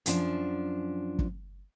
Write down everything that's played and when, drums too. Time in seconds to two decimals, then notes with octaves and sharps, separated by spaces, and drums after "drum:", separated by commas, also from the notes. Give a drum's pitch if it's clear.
0.06 F#2 F3 D4, drum: hi-hat
1.19 drum: kick G1